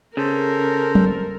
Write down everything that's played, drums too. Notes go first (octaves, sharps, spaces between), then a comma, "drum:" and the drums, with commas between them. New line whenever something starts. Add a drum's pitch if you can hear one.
C#3 A4 A#4 C5
drum: tom F#3